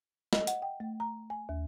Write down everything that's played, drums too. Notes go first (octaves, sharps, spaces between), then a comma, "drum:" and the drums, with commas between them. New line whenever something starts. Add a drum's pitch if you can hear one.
D#5, drum: snare
F#5, drum: hi-hat
G5
A3
A#5
G#5
D#2